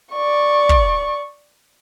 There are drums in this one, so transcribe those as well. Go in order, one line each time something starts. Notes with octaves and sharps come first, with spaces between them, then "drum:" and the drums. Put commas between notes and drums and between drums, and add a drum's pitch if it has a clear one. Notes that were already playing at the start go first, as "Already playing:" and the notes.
D5 C#6
drum: kick